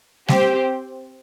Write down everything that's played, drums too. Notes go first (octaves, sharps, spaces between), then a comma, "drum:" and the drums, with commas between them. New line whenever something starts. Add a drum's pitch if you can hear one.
C4 G4 C5 G5, drum: snare G3